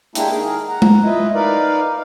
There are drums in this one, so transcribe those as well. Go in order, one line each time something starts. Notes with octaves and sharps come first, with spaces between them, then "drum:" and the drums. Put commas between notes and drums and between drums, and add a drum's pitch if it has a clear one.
G#3 A#3 D4 E4 G4, drum: hi-hat
D#3 G#4 A#4
F#5 A#5
drum: tom G#3
E3 E4 F4 B4 D#5
D#4 A#4 B4 D5 F5